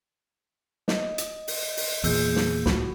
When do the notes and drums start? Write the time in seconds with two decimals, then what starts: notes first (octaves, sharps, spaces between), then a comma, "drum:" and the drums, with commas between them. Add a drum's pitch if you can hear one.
0.88 D#5, drum: snare
1.18 drum: hi-hat
1.48 drum: open hi-hat
1.77 drum: open hi-hat
2.04 E2 A#2 G#4 E6 G6, drum: open hi-hat
2.36 drum: snare
2.66 C#2 A2 F3 F#4 B5, drum: snare